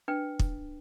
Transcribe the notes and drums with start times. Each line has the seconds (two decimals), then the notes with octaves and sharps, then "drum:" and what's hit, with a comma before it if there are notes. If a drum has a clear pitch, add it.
0.08 D4 B4 G5
0.39 drum: kick